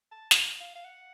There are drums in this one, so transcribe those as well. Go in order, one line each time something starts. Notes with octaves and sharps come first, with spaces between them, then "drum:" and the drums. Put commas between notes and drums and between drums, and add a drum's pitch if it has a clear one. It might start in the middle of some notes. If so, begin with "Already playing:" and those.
A5
drum: snare
F5
F5
F#5